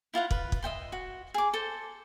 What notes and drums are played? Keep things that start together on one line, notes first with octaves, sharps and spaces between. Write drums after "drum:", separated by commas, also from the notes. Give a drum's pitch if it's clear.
E4 F4 F5 F#5
B4, drum: kick
drum: kick
D#5 E5 G5 C6
F#4
G#4 D6
A4 C5